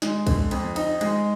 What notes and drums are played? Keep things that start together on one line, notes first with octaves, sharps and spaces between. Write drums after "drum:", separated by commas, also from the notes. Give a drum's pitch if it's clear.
G#3, drum: snare
D3, drum: kick, cymbal
F2, drum: cymbal
D#4, drum: cymbal
G#3, drum: cymbal